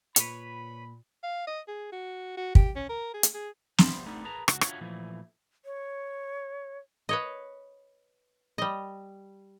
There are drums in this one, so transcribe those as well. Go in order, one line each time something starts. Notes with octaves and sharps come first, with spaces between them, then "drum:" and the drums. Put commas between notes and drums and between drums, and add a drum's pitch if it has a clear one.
A#2 B4 C#5 B5, drum: hi-hat
F5
D#5
G#4
F#4
F#4
G4, drum: kick
C#4
A#4
G#4
drum: hi-hat
G#4
F3 G3 B3 E5 C6, drum: snare
G3 A3 B3 C4 D4 D#4
G#4 A#4 B4 A5 A#5
C#2 F#4, drum: rim click
D4 F4 F#4 C#5 E5 G#5, drum: rim click
A#2 E3 F3 A3 E4
C#5
B4 C#5 D#5
G3 D#5